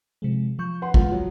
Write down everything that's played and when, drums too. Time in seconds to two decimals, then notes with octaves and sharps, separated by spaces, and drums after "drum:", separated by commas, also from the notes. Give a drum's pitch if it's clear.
0.22 C3 F3 G#3
0.59 F3 C#6 G6
0.82 B4 F#5 C6
0.94 G#3 F4 F#5, drum: kick
1.09 F3 F#3